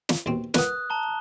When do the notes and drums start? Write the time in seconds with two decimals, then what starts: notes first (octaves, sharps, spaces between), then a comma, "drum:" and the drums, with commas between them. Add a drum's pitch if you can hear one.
0.09 drum: snare
0.26 D#2 B2 C4
0.54 A#4 B4 F#5 D#6 F#6, drum: snare
0.90 A5 A#5 G7